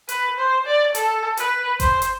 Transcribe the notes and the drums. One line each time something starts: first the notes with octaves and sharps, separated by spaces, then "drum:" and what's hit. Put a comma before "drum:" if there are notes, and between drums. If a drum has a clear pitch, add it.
B4, drum: hi-hat
C5
D5
A4, drum: hi-hat
B4, drum: hi-hat
C5, drum: kick G1, hi-hat
drum: hi-hat